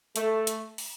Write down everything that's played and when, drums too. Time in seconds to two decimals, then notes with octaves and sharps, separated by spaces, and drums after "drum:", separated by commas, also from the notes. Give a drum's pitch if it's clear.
0.16 A3, drum: hi-hat
0.47 drum: hi-hat
0.78 drum: open hi-hat